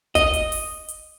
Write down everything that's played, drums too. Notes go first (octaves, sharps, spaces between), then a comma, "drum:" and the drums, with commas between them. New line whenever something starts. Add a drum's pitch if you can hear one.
D#5, drum: kick, hi-hat
drum: hi-hat
drum: open hi-hat
drum: hi-hat